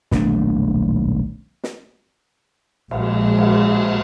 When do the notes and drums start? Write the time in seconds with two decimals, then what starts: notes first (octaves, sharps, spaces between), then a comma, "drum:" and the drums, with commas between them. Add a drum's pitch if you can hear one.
0.11 D#1 B1 A3 D4, drum: snare
1.64 drum: snare
2.91 A#1 G#3, drum: cymbal
3.39 drum: cymbal